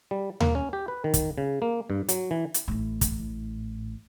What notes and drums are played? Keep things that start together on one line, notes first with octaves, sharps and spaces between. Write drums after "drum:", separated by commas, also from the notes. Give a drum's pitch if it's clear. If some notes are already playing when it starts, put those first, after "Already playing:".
G3
A#3, drum: tom D#2
C#4
G4
B4
D#3
drum: kick, hi-hat
C#3
A#3
G2
F#3, drum: hi-hat
E3
drum: hi-hat
A1 A2
drum: kick, hi-hat